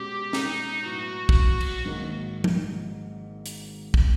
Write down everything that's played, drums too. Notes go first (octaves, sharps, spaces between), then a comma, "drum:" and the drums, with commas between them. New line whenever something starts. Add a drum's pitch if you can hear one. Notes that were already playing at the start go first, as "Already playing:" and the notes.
Already playing: B2 G#3 C#4 G4
D#4, drum: snare
A2 F#3 B3 E4 F#4
drum: kick
drum: cymbal
G#1 G#2 D#3 F#3 A#3
drum: tom F3
drum: hi-hat
drum: kick